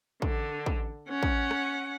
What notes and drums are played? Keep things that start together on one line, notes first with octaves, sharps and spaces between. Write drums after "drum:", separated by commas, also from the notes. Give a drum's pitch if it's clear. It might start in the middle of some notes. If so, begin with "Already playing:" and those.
D3, drum: kick
drum: kick
C#4 F#5
drum: kick
drum: rim click